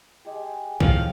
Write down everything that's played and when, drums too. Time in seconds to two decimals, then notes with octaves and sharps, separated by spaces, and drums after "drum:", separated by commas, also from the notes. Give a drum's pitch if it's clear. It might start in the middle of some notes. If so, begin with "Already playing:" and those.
0.25 G#3 G4 G#4
0.80 A2 D#3 F3 C#5 F5, drum: kick